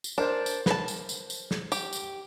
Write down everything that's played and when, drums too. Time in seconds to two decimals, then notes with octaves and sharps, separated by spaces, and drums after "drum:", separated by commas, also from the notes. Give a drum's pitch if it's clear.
0.04 drum: tambourine
0.18 D4 A#4 C5
0.46 drum: tambourine
0.66 B4 A5, drum: snare
0.88 drum: tambourine
1.09 drum: tambourine
1.30 drum: tambourine
1.51 drum: snare
1.72 G4, drum: tambourine
1.93 drum: tambourine